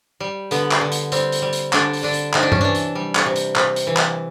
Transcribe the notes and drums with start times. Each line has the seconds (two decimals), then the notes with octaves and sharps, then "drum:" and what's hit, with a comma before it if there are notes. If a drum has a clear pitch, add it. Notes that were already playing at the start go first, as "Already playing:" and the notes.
0.20 G3
0.51 D3 B3, drum: hi-hat
0.71 drum: clap
0.81 D3
0.92 drum: hi-hat
1.12 G3 C4, drum: hi-hat
1.32 drum: hi-hat
1.42 G3
1.53 drum: hi-hat
1.73 D3 D4, drum: clap
1.93 drum: open hi-hat
2.03 D3 D4
2.14 drum: hi-hat
2.34 C3 D#4, drum: clap
2.43 D4
2.52 C#4, drum: tom G2
2.61 E3 D4
2.75 drum: hi-hat
2.95 G3
3.15 drum: clap
3.26 C3
3.36 drum: hi-hat
3.56 C3, drum: clap
3.76 drum: hi-hat
3.87 E3
3.97 drum: clap